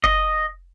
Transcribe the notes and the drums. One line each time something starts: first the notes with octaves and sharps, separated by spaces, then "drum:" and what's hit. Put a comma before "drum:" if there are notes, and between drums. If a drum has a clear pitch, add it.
D#5, drum: kick F#1